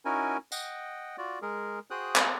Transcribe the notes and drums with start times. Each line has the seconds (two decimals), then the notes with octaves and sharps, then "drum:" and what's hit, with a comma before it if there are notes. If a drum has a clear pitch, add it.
0.05 C#4 D#4 E4 F#4 A#4 G#5
0.52 D#5 F#5 G5, drum: tambourine
1.18 F4 F#4 D5
1.42 G#3 G#4 A#4
1.91 F#4 G#4 C5 G5 D#6 F#6
2.16 drum: clap